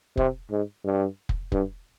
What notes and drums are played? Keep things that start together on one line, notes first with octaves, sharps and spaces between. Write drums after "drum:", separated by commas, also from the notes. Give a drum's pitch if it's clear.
C3, drum: kick
G#2
G2
drum: kick
G2, drum: kick